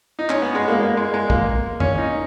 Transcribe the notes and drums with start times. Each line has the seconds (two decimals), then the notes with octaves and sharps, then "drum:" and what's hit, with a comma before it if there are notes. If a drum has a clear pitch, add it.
0.19 D#4
0.30 C#4, drum: clap
0.42 B3
0.55 G#3
0.68 A#3
0.80 A#3
0.97 G#3
1.14 G#3
1.30 A#3, drum: kick
1.80 C#4, drum: tom F2
1.98 D#4